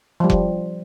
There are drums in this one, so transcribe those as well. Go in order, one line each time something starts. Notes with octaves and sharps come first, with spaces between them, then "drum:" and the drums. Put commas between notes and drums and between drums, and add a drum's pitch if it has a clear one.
F3 G3
drum: kick F1